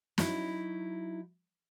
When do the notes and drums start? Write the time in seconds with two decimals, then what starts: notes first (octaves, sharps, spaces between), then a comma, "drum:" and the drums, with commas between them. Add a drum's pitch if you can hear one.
0.18 F#3 D#4 E4, drum: snare